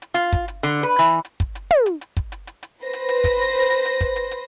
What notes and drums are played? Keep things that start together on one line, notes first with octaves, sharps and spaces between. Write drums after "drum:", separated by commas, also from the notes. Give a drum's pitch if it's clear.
drum: hi-hat
F4, drum: hi-hat
drum: kick, hi-hat
drum: hi-hat
D3, drum: hi-hat
B4
E3
drum: hi-hat
drum: kick, hi-hat
drum: hi-hat
drum: tom
drum: hi-hat
drum: hi-hat
drum: kick, hi-hat
drum: hi-hat
drum: hi-hat
drum: hi-hat
B4 C5 A#6
drum: hi-hat
drum: hi-hat
drum: kick, hi-hat
drum: hi-hat
drum: hi-hat
drum: kick, hi-hat
drum: hi-hat
drum: hi-hat